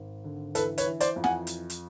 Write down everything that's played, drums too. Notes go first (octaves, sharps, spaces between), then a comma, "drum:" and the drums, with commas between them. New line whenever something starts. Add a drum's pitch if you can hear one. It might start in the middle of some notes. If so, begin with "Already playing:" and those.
Already playing: G#1
D3
E3 A4 B4, drum: hi-hat
B4 C#5, drum: hi-hat
E3
C5 D5, drum: hi-hat
F2
F#5 G#5, drum: snare
drum: hi-hat
drum: hi-hat